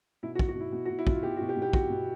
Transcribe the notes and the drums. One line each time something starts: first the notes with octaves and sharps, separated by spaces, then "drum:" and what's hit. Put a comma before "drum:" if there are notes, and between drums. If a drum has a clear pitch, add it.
B2 E4
F#4
B2, drum: kick
F#4
B2 E4
B2
F#4
B2
E4
B2 F4, drum: kick
B2 G4
F#4
B2
G4
B2
G4
B2 F#4, drum: kick
B2